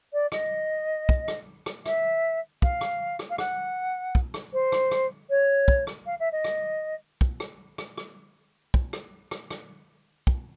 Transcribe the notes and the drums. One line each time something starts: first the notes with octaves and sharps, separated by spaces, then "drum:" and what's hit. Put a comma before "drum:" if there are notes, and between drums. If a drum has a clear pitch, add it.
D5
D#5, drum: rim click
drum: kick
drum: rim click
drum: rim click
E5, drum: rim click
F5, drum: kick
drum: rim click
drum: rim click
F5
F#5, drum: rim click
drum: kick
drum: rim click
C5
drum: rim click
drum: rim click
C#5
drum: kick
drum: rim click
F5
E5
D#5
drum: rim click
drum: kick
drum: rim click
drum: rim click
drum: rim click
drum: kick
drum: rim click
drum: rim click
drum: rim click
drum: kick